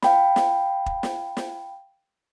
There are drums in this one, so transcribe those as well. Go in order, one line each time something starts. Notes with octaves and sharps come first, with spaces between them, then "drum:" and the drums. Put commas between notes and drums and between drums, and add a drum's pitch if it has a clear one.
F5 G5 B5, drum: snare
drum: snare
drum: kick
drum: snare
drum: snare